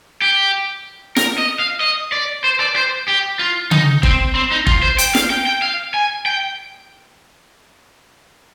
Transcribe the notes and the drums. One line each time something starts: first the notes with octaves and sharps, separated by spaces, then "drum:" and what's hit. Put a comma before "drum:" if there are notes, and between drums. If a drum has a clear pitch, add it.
G4
A#4, drum: snare
D#5
F5
D#5
D5
C5
D5
C5
G4
F4
D#4, drum: tom C#3
C4, drum: kick
C4
D#4
F4, drum: kick
C5
G5, drum: hi-hat
F5, drum: snare
G5
G5
F5
G#5
G5